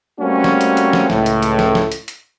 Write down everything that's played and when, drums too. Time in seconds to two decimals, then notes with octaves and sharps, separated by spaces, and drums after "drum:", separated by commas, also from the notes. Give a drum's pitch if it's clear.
0.20 G3 A3 A#3 C4 C#4 F#4
0.44 drum: snare
0.61 drum: hi-hat
0.77 drum: hi-hat
0.93 drum: snare
1.10 C#2 A2, drum: snare
1.26 drum: hi-hat
1.42 drum: hi-hat
1.59 drum: snare
1.75 drum: snare
1.92 drum: hi-hat
2.08 drum: hi-hat